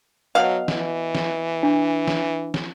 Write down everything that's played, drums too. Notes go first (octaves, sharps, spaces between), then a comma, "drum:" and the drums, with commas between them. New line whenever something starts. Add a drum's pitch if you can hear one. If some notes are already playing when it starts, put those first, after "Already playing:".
B2 F#3 F5
E3, drum: snare
drum: snare
D4
drum: snare
drum: snare